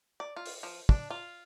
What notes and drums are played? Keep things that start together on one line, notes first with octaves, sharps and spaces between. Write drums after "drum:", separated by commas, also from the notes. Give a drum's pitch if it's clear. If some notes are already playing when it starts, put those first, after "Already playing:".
D5
F4
drum: open hi-hat
F3
D4, drum: kick
F4